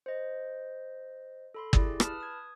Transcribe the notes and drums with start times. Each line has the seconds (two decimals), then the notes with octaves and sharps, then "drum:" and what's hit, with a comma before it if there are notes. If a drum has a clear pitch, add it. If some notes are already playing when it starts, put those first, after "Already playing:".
0.06 C5 D#5
1.54 A4 B5 C6
1.73 E4 G4 G#4 D5, drum: kick
2.00 B4 A5 B5 D#6 F6, drum: rim click
2.20 D#6 G#6